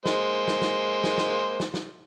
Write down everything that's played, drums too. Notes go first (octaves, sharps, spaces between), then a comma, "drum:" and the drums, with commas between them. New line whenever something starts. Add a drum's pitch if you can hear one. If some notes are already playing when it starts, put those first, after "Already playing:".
G#3 A#3 C5, drum: snare
drum: snare
drum: snare
drum: snare
drum: snare
drum: snare
drum: snare